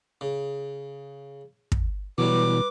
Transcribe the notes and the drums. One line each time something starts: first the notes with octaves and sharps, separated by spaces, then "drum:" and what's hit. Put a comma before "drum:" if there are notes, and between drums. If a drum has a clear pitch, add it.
C#3
drum: kick
B2 E3 F#3 G3 B4 D6